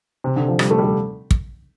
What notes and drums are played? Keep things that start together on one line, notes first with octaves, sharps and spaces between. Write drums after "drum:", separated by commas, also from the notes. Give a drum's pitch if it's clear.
C3
D3
F3
G3, drum: rim click
A3
G3
A3
drum: kick